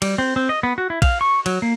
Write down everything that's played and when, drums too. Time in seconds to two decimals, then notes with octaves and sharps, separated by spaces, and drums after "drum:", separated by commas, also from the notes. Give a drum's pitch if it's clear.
0.02 G3, drum: cymbal
0.18 C4
0.36 C4
0.49 D#5
0.63 B3
0.78 F#4
0.90 E4
1.02 F5, drum: kick, cymbal
1.21 C#6
1.46 F#3, drum: cymbal
1.62 A#3